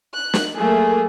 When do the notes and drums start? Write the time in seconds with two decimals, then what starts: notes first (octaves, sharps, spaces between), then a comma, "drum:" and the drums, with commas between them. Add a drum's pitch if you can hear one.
0.14 F#6
0.34 drum: snare
0.56 F#3 A3 A#3 G#4